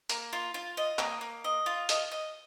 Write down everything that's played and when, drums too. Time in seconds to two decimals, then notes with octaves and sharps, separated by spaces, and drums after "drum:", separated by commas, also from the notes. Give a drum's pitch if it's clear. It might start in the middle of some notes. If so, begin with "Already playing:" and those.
0.09 A#3, drum: hi-hat
0.33 F4
0.54 F4
0.77 D#5
0.99 A#3, drum: clap
1.21 A#3
1.44 D#5
1.66 F4
1.89 D#5, drum: hi-hat
2.12 D#5